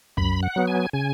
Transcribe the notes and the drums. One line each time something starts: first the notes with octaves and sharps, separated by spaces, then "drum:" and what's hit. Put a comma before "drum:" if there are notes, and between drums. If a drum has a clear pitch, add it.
F#2 B5, drum: kick C2
F#5
F#3 B3
G#5
C#3 G#5